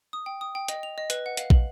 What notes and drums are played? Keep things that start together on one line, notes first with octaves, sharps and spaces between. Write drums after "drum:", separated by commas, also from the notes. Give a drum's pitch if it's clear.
D#6
G5
D#6
G5
D#5, drum: hi-hat
F7
D#5
B4, drum: hi-hat
F#5
F5, drum: hi-hat
F#7, drum: kick